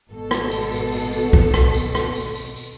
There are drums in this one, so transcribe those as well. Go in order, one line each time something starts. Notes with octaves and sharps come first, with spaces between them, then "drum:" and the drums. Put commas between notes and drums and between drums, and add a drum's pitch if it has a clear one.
G#1 B2 A4
drum: rim click
drum: tambourine
drum: tambourine
drum: tambourine
drum: tambourine
drum: kick B1
drum: rim click
drum: tambourine
drum: rim click
drum: tambourine
drum: tambourine
drum: tambourine